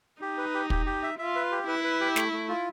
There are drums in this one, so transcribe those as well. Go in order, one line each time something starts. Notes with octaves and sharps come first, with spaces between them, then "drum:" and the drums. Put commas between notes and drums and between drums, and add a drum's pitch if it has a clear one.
D#4 G4
B4
G4
G4, drum: kick
G4
E5
F4 E5
B4
G4
E4 B4
B4
G4
A3, drum: snare
A3
F4